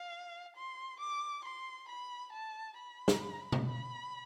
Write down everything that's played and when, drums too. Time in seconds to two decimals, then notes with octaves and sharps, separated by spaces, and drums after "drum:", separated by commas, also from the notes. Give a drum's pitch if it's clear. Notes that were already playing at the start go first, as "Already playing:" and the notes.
Already playing: F5
0.56 C6
1.00 D6
1.44 C6
1.88 B5
2.32 A5
2.77 B5
3.08 drum: snare
3.52 drum: tom B2
3.65 B5